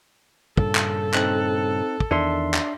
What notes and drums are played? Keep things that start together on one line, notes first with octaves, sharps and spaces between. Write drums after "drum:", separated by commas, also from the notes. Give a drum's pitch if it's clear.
G2 A#2 C#3 A4, drum: kick
drum: clap
C4 D#4 F#6, drum: clap
drum: kick
E2 D#3 D4 E5 C6
drum: clap